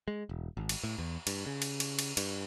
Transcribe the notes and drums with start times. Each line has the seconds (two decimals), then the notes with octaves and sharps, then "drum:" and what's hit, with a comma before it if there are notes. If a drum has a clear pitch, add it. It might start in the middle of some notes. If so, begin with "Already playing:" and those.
0.08 G#3
0.29 E1
0.57 G#1
0.69 drum: cymbal
0.84 A2
0.98 E2
1.27 G2, drum: cymbal
1.46 C#3
1.62 drum: cymbal
1.80 drum: cymbal
1.99 drum: cymbal
2.17 G2, drum: cymbal